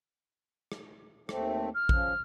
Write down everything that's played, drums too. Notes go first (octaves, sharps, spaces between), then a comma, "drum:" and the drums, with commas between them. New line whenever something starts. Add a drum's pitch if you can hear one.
drum: rim click
D#2 A3 C4, drum: rim click
F6
C#3 F3, drum: kick A1